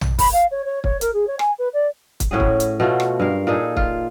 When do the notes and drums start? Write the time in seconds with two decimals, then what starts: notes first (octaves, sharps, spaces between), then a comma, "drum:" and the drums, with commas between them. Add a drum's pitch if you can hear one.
0.01 drum: tom A#1
0.19 B5, drum: kick, open hi-hat
0.32 F5
0.51 C#5
0.65 C#5
0.84 C#5, drum: kick
1.01 A#4, drum: hi-hat
1.13 G#4
1.27 C#5
1.39 G#5, drum: rim click
1.59 B4
1.73 D5
2.20 drum: kick, hi-hat
2.31 A2 C#4 F#4 G#4
2.40 drum: kick
2.60 drum: hi-hat
2.80 B2 A3 F4 F#4
3.00 drum: rim click
3.20 G2 A#4 F5
3.47 A#2 D#4 G#4 A4
3.77 F4, drum: kick